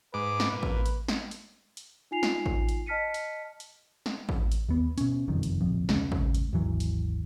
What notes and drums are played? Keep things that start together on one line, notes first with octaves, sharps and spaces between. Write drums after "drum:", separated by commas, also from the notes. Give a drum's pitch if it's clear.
G#2 B4 D6
drum: snare
A#2
drum: kick A1
drum: hi-hat
drum: snare
drum: hi-hat
drum: hi-hat
D#4 F4 G#5 C7 F7
drum: snare
drum: kick A1
drum: hi-hat
D#5 A5 F6 B6 C#7 D#7
drum: hi-hat
drum: hi-hat
drum: snare
drum: kick A1
drum: hi-hat
D#2 B3
B2 C#4, drum: hi-hat
F#1 C2 F2 D#3
drum: hi-hat
D1 A#1 F2
E1 C#2 G#3 C#4, drum: snare
drum: kick A1
drum: hi-hat
G#1 D#2 E3 F#3
drum: hi-hat